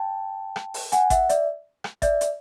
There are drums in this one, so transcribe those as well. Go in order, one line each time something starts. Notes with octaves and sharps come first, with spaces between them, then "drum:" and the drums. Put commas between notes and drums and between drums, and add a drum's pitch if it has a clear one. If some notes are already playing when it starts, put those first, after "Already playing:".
Already playing: G5 A5
drum: rim click
drum: open hi-hat
F#5 G#5, drum: hi-hat
E5 F#5, drum: kick G#1, hi-hat
D5 E5, drum: hi-hat
drum: rim click
D5 E5, drum: kick G#1, hi-hat
drum: hi-hat